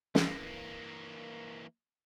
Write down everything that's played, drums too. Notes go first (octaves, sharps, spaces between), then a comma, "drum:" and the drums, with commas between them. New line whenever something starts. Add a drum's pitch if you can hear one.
E3 A#3, drum: snare